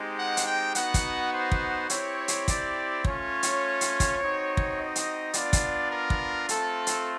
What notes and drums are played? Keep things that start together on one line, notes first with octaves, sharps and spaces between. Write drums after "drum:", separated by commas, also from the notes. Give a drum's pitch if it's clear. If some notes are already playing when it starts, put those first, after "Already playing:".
Already playing: G#3 C4 D#4 G4
F#5
drum: hi-hat
G5
B3 D#4 F#4 F#5, drum: hi-hat
drum: kick, hi-hat
C5
drum: kick
C4 E4 G4 C#5, drum: hi-hat
drum: hi-hat
D5, drum: kick, hi-hat
A3 C#4 F4 C#5, drum: kick
drum: hi-hat
drum: hi-hat
drum: kick, hi-hat
C4 D#4 F#4
drum: kick
D#5
drum: hi-hat
B3 D4 F4 D5, drum: hi-hat
drum: kick, hi-hat
A#4
drum: kick
A3 C4 F4 A4, drum: hi-hat
drum: hi-hat